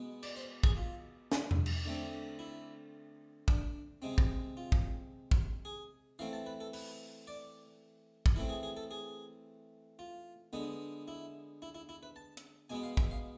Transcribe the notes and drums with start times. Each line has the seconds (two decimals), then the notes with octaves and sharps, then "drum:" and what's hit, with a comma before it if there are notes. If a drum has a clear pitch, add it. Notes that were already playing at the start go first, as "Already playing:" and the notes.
Already playing: B2 G#3 B3
0.23 D5, drum: cymbal
0.36 C5
0.63 G#4, drum: kick
0.77 F4
1.32 D4, drum: snare
1.51 drum: tom E2
1.66 drum: cymbal
1.85 D3 A3 C4
2.39 E4
3.48 D4, drum: kick
4.02 C3 G#3 C4
4.18 drum: kick
4.57 F4
4.72 drum: kick
5.31 drum: kick
5.65 G#4
6.19 E3 A3 C4 F5
6.33 A5
6.46 B4
6.60 A4
6.73 B4, drum: open hi-hat
7.27 D5
8.26 drum: kick
8.36 E3 A3 C4 E4
8.49 G#4
8.63 G#4
8.77 A4
8.91 G#4
9.99 F4
10.53 D3 G#3 B3
11.08 E4
11.62 E4
11.75 E4
11.89 E4
12.03 B4
12.16 A5
12.37 drum: hi-hat
12.70 B2 G#3 B3 G#5
12.83 F5
12.97 E5, drum: kick
13.11 F5